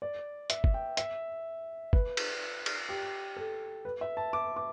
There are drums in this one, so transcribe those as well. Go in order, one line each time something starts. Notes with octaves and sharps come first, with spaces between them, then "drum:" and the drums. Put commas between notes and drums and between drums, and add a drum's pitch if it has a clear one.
D5
E5, drum: hi-hat
drum: kick
G5
E5, drum: hi-hat
B4, drum: kick
drum: cymbal
drum: cymbal
G4
A4
B4
E5
A5
D6
D6